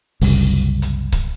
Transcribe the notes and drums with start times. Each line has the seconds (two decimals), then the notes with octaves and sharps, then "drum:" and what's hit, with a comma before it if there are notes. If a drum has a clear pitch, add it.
0.21 F#1 C2, drum: open hi-hat
0.82 drum: hi-hat
1.12 drum: kick C#1, hi-hat